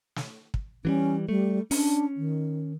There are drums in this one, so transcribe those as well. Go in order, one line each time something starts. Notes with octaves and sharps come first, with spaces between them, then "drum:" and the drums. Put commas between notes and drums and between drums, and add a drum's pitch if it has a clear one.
drum: snare
drum: kick
E3 F#3 G3 C#4
G3 A3
C#4 D4, drum: open hi-hat
D#3